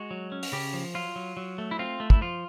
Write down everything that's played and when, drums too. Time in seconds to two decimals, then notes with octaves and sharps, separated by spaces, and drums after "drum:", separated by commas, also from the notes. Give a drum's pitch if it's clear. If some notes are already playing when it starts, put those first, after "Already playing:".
Already playing: G#3 F#4
0.11 F#3
0.32 C#4
0.43 drum: open hi-hat
0.52 C#3 G4
0.73 F3
0.94 F#3 F4
1.16 F#3
1.37 F#3
1.58 A3
1.71 E4
1.79 C4 F4
2.00 A3
2.10 E4, drum: kick
2.21 F3 F4